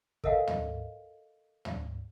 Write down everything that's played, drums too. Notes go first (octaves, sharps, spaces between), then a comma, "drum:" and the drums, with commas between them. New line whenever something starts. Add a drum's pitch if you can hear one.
A4 A#4 D#5 F5 F#5 G#5, drum: kick
drum: tom
drum: tom